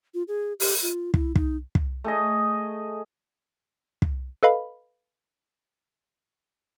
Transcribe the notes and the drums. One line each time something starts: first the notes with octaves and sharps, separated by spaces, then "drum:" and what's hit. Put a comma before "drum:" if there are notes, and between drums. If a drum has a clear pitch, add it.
F4
G#4
G4, drum: open hi-hat
F4
E4, drum: kick
D#4, drum: kick
drum: kick
A3 G#4 D#5
drum: kick
A4 B4 D#5 F5 B5